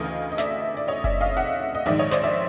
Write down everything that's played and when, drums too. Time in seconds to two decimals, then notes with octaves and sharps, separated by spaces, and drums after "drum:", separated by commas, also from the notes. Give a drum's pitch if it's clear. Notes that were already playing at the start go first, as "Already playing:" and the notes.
Already playing: D2 C#3 E3 A3 D#5 F5
0.32 D#5
0.38 D5 E5, drum: snare
0.77 D5
0.88 C#5 D#5
1.04 D5 E5, drum: kick F#1
1.21 D#5 F5
1.37 E5 F#5
1.75 D#5
1.86 A#1 G#2 D#3 D5 E5
1.99 C#5 D#5
2.11 C5 D5, drum: snare
2.23 D5 E5